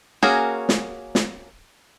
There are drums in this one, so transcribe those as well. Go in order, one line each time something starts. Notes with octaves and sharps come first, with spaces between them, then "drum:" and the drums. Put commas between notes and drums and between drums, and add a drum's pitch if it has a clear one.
A#3 C#4 F#4 G#4 A#4
drum: snare
drum: snare